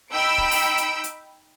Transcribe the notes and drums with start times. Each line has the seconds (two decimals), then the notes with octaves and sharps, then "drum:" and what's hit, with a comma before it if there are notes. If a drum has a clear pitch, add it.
0.12 D#4 G5 B5 E6 D7
0.38 drum: kick
0.51 drum: open hi-hat
0.77 drum: hi-hat
1.04 drum: hi-hat